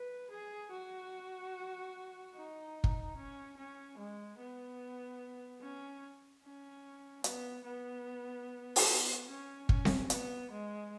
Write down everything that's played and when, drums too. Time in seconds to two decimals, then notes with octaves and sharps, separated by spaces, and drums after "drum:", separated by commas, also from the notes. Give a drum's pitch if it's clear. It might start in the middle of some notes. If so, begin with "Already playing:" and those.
Already playing: B4
0.31 G#4
0.71 F#4
2.35 D#4
2.84 drum: kick
3.17 C#4
3.57 C#4
3.98 G#3
4.38 B3
5.61 C#4
6.43 C#4
7.24 B3, drum: hi-hat
7.65 B3
8.76 drum: open hi-hat
8.87 B3
9.28 C#4
9.69 C#4, drum: kick
9.85 drum: snare C4
10.10 B3, drum: hi-hat
10.51 G#3